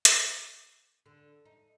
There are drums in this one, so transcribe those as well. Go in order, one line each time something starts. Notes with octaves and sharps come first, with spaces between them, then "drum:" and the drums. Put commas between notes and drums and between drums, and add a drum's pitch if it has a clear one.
drum: hi-hat
D3
D#4